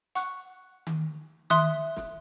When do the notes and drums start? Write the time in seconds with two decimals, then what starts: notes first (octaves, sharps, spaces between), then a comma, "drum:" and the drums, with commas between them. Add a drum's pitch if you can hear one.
0.15 F#5 C#6 F#6, drum: hi-hat
0.87 drum: tom D#3
1.50 E5 C6 D#6 F#6, drum: tom D#3
1.97 drum: snare